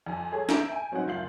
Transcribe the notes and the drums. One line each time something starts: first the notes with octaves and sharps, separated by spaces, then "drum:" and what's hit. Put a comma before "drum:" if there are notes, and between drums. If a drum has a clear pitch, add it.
F2 G#5
G#4 A4 C#5 G#6
E5 A5 A#5 G6 D7, drum: snare
G#5
F#3 C4 C#4 D#4 F#5
F#1 D2 F4 G6 C7 F#7